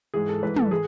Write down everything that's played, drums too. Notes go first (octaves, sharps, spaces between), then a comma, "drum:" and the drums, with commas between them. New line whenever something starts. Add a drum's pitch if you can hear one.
G#2 E3 G#4
A4
G#2 E3 B4
A4, drum: tom
G#4